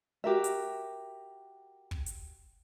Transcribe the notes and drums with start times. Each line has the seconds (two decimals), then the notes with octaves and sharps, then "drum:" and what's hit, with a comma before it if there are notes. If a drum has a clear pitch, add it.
0.24 F#4 G4 A#4 E5
0.44 drum: hi-hat
1.91 drum: kick
2.06 drum: hi-hat